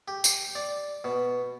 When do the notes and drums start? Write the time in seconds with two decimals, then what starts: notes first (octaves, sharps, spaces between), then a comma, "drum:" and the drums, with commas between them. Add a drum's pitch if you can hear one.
0.08 G4
0.24 drum: tambourine
0.55 D5
1.04 B2